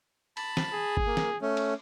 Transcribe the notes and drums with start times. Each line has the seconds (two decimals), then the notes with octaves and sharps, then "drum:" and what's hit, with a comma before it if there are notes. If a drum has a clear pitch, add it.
0.37 A5 B5, drum: cymbal
0.57 drum: snare
0.73 G#4
0.97 drum: kick G1
1.06 A#3
1.17 drum: snare
1.42 A3 C#4
1.57 drum: cymbal